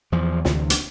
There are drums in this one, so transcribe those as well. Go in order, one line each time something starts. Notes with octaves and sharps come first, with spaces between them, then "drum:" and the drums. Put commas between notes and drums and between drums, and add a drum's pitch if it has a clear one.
E2 F3
D2 C3 E3, drum: snare
drum: hi-hat